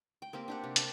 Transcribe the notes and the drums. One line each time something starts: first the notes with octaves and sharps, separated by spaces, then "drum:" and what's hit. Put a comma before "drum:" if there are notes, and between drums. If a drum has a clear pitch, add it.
G5
A#3 C4 G4 A#4
D4 G4 F#5
C3
D4 D5 G5, drum: hi-hat